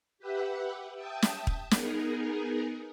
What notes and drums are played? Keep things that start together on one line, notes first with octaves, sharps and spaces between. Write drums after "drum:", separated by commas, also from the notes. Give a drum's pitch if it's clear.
G4 B4 E5 F#5
E5 G5 A5 D#6
drum: snare
drum: kick
B3 D#4 G#4 A#4, drum: snare